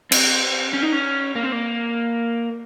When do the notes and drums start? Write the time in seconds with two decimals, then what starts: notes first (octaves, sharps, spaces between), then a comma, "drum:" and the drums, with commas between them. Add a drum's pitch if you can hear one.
0.12 C4, drum: cymbal
0.74 C#4
0.83 D#4
0.93 C#4
1.36 A#3
1.44 C4
1.52 A#3